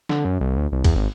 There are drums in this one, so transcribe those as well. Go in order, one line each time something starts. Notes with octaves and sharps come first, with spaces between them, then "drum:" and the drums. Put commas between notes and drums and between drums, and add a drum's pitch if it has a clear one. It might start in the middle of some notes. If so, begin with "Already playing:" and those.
D3, drum: snare
F#2
C2
D2
C2
E2, drum: kick, cymbal
G#1